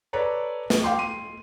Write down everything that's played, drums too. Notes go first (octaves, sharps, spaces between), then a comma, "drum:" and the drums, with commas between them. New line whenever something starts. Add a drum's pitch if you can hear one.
A4 B4 C#5 D5 A#5
drum: snare
F5 G5 C6 D6
C6 D#7